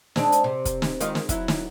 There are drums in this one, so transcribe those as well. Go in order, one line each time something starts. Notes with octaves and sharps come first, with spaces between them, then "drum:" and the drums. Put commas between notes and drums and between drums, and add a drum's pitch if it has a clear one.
G#3 C4 D4, drum: snare
drum: hi-hat
C3
drum: kick, hi-hat
drum: snare
D#3 G#3 F4, drum: hi-hat
drum: snare
F#3 E4, drum: kick, hi-hat
drum: snare